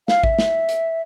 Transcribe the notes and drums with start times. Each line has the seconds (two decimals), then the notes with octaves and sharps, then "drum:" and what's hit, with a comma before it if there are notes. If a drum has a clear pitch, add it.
0.08 F5, drum: snare
0.24 E5, drum: kick A1
0.39 drum: snare
0.69 drum: hi-hat